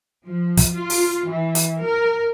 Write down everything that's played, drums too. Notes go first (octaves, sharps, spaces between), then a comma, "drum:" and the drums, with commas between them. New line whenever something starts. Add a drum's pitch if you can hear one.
F3
drum: kick, hi-hat
F4
drum: open hi-hat
E3
drum: hi-hat
A#4